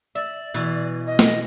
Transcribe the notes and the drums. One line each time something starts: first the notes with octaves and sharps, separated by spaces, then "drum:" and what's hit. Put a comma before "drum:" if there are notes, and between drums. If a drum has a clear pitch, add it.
D5 E5
B2 E3
D#5
drum: snare